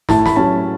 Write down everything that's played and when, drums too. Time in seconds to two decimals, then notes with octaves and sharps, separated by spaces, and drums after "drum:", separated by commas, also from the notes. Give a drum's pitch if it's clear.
0.09 A2 A5, drum: snare
0.26 B5, drum: snare
0.36 F#3 C#4 A5